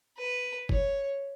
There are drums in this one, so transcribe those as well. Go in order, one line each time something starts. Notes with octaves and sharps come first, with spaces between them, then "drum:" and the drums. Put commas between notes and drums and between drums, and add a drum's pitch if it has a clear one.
B4
C#5, drum: kick G1